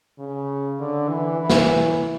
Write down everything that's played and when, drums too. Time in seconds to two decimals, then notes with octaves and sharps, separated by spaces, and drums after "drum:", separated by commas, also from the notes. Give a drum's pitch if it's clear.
0.19 C#3
0.80 D3
1.09 E3
1.41 E3
1.50 drum: snare